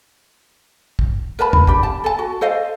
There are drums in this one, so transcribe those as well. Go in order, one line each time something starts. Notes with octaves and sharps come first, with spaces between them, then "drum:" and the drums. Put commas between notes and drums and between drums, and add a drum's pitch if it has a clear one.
drum: kick
A#4 B4 A5 B5
drum: tom
D4 G4 B5, drum: kick
A5
A4 A5
F#4
A4 C5 D#5 F5